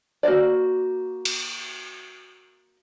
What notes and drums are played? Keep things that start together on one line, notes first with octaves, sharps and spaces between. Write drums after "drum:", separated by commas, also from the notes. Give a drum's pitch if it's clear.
A#3 F#4 C5 D5
drum: cymbal